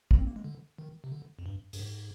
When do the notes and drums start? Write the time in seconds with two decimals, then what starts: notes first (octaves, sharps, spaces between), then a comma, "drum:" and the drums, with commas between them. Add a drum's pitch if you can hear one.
0.11 A#3, drum: kick
0.19 C4
0.27 A#3
0.36 G#3
0.44 D3
0.78 D#3
1.04 C3
1.12 D3
1.39 F2
1.46 G2
1.73 G2, drum: open hi-hat
1.80 G#2